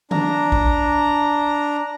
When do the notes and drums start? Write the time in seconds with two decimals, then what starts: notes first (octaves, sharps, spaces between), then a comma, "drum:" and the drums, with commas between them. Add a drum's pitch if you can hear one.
0.11 D4 A#5, drum: tom D3
0.52 drum: kick A#1